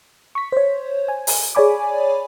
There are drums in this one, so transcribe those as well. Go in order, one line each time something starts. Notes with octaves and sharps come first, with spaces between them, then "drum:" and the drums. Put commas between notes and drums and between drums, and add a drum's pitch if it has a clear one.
C#6 B6
C5 C#5
G#5
drum: open hi-hat
G#4 C#5 D5 G#5 B5 D6